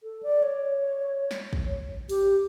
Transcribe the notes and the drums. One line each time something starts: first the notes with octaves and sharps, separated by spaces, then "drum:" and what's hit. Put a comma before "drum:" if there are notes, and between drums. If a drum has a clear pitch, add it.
A4
D5
C#5
drum: snare
drum: kick
G4, drum: open hi-hat